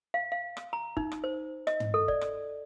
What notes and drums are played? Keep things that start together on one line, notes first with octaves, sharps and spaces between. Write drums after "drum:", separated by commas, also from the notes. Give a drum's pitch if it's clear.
F5
F5
drum: rim click
A#5
D#4, drum: kick
drum: rim click
C5
D#5, drum: rim click
drum: tom
A4
D5, drum: kick
drum: rim click